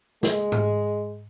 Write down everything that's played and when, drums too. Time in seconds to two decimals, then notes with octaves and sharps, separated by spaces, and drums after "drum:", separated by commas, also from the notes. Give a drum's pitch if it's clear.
0.23 G#3, drum: snare
0.52 drum: tom G#2